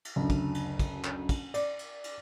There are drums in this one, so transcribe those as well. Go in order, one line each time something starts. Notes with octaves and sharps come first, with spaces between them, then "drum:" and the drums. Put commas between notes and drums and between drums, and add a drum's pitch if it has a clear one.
drum: cymbal
F#1 D2
drum: kick, cymbal
drum: cymbal
drum: kick, cymbal
drum: clap
drum: kick, cymbal
D5, drum: cymbal
drum: cymbal
drum: cymbal